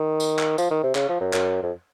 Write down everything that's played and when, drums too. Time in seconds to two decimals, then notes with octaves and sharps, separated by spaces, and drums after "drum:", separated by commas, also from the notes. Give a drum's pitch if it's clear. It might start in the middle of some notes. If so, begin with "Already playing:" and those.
Already playing: D#3
0.20 drum: tambourine
0.39 drum: clap
0.58 F3, drum: tambourine
0.71 D#3
0.83 C3
0.95 C#3, drum: clap
1.09 F3
1.21 F#2
1.33 F#2, drum: clap
1.63 F2